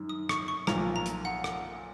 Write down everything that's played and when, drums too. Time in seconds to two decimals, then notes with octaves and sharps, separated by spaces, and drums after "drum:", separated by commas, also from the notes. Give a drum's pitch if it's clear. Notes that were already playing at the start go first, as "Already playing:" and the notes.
Already playing: F#2 D#3
0.09 D#6
0.29 C#6, drum: rim click
0.48 C#6
0.67 B1 A#2 F3 A#5, drum: rim click
0.96 A#5
1.06 drum: hi-hat
1.25 F#5
1.44 drum: rim click